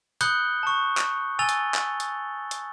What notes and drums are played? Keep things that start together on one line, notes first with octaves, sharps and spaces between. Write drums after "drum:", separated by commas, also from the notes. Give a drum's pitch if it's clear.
B5 D#6 F#6 G6 C#7 G7, drum: hi-hat
A5 C#6
drum: clap
G#5 E6 A6 F7 G7
drum: hi-hat
drum: clap
drum: hi-hat
drum: hi-hat